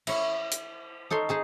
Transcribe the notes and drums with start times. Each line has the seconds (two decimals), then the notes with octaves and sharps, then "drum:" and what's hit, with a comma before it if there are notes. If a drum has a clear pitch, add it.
0.07 E4 C#5, drum: cymbal
0.52 drum: hi-hat
1.10 D#4 A4 C#5 C6
1.29 D#4 G#4 A5